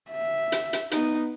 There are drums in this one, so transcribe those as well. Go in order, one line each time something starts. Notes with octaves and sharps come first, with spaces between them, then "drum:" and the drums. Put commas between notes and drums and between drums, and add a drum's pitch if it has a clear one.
E5
drum: hi-hat
drum: hi-hat
B3 D#4, drum: hi-hat